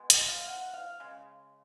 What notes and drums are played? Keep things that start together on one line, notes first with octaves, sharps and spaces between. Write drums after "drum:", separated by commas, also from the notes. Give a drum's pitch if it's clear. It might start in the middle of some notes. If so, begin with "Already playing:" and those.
Already playing: B2 G#3
D#5, drum: hi-hat
F5
F#5
F5
C#3 G#3